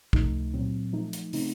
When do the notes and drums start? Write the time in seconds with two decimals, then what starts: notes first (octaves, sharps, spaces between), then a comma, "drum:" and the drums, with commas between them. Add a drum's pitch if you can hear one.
0.13 C#2 C3 F3 A3 D#4, drum: kick
0.54 A#2 F#3 C4
0.93 F3 A3 D#4
1.13 drum: hi-hat
1.33 C#3 A3 C4 D#4, drum: open hi-hat